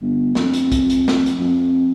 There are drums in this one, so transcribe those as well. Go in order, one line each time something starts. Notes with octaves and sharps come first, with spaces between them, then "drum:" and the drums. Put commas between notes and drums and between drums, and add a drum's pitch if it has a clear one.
G1
F2, drum: snare
drum: hi-hat
drum: kick, hi-hat
drum: hi-hat
drum: snare
drum: hi-hat
F2